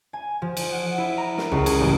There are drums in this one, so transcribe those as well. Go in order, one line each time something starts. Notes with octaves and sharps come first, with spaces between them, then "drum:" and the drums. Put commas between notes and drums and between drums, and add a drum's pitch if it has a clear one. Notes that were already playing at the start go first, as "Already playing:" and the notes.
G#5
F3
drum: cymbal
F#5
E4
A#5
A#4, drum: snare
C#2
G#4, drum: cymbal
A1